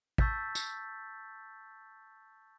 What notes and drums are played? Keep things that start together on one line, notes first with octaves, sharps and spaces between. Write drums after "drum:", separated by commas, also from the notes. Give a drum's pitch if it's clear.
A5 C#6 E6 G6 A6 B6, drum: kick
drum: tambourine